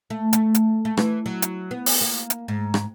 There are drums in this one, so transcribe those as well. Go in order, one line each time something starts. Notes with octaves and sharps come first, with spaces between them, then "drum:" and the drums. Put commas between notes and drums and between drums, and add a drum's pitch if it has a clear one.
A3
A3, drum: hi-hat
drum: hi-hat
A3
E3, drum: rim click
F#3
drum: hi-hat
B3
drum: open hi-hat
A#3
drum: hi-hat
G#2
drum: rim click